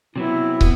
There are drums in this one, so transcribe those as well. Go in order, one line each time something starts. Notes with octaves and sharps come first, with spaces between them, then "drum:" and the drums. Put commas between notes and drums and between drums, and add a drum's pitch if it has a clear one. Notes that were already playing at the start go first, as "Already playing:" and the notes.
C3 F#3 B3 E4
B3, drum: kick